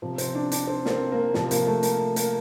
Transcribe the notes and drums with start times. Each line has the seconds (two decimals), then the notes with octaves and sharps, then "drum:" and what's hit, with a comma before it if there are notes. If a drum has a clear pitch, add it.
0.02 C3 F3
0.18 C4, drum: hi-hat
0.35 D4
0.52 D4, drum: hi-hat
0.67 C4
0.85 A#3, drum: snare
0.91 C4
1.12 A#3
1.34 C3 F3, drum: snare
1.51 A#3, drum: hi-hat
1.67 A3
1.83 A#3, drum: hi-hat
2.16 A#3, drum: hi-hat